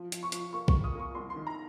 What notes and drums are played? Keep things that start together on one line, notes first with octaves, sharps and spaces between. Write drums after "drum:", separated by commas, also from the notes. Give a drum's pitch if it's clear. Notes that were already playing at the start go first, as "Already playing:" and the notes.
Already playing: F3
F3, drum: hi-hat
C#6
F3, drum: hi-hat
A#3 C#6
C#6, drum: kick B1
A#3
D#6
A#3 C#6
C2 C6
C6
D#3
A#5